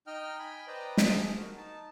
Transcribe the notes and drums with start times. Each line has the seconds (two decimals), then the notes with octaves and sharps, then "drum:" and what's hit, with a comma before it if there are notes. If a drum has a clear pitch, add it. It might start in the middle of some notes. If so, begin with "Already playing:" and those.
0.07 D#4 D#5 G5 F6
0.39 G5 G#5 B5
0.67 B4 C5 D5 D#5 G5 A#5
0.97 drum: snare
1.09 G4 G#4 C5 A5
1.37 F#4 A#4
1.57 D#4 A5